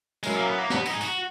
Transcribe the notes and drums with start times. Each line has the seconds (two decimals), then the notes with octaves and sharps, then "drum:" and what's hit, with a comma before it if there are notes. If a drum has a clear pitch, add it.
0.23 F#3 G#3 C#4 E4 A#4, drum: tambourine
0.35 A#3
0.46 B3
0.58 A#3
0.70 B3, drum: snare
0.86 D#4, drum: tambourine
0.93 G#4
1.01 F#4, drum: tambourine